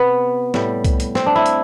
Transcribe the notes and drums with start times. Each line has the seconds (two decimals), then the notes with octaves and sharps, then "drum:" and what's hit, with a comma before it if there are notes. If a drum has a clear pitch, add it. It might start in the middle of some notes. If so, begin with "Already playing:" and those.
Already playing: C3 B3
0.54 A2 G3, drum: snare
0.85 drum: kick C2, hi-hat
1.00 drum: hi-hat
1.15 C4, drum: snare
1.26 D4
1.36 E4
1.46 drum: hi-hat